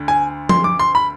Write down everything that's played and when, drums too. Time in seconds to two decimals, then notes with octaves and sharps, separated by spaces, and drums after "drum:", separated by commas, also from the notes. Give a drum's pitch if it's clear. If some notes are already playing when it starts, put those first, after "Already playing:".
Already playing: D2 D3
0.08 G#5
0.49 C6, drum: tom F3
0.64 D6
0.79 C6
0.95 B5